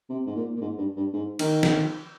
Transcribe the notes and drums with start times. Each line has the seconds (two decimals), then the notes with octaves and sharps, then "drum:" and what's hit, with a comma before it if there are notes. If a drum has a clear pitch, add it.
0.09 C3
0.26 G#2
0.35 A#2
0.56 A#2
0.61 G#2
0.78 G2
0.96 G2
1.13 G#2
1.39 D#3, drum: cymbal
1.63 drum: snare